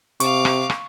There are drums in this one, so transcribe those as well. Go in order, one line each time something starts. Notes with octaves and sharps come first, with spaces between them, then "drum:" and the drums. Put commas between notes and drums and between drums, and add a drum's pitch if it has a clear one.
C3 F5 C#6 D6, drum: hi-hat
drum: rim click
drum: rim click